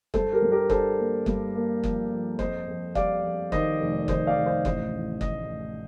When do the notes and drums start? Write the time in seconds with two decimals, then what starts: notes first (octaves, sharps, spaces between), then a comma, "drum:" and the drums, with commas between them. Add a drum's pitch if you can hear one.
0.14 G2 A4 C5, drum: kick F#1
0.33 G4 A#4
0.42 G2
0.52 G4 A#4
0.70 D4 A4 C5, drum: kick F#1
0.98 A#3
1.26 G2, drum: kick F#1
1.55 A#3
1.84 F3, drum: kick F#1
2.11 F3
2.39 F2 C5 D#5, drum: kick F#1
2.68 F2
2.95 G3 D5 F5, drum: kick F#1
3.24 F2
3.52 D#3 C5 D#5, drum: kick F#1
3.80 F1
4.08 D#3 C5 D#5, drum: kick F#1
4.27 D5 F5
4.37 F1
4.46 C5 D#5
4.65 A1 C5 D#5, drum: kick F#1
4.93 A1
5.21 D#5, drum: kick F#1